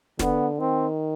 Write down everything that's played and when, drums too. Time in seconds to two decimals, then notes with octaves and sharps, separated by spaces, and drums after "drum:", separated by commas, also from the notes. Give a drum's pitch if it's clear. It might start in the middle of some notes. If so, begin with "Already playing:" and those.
0.19 D3 B3, drum: snare
0.59 D#3 C4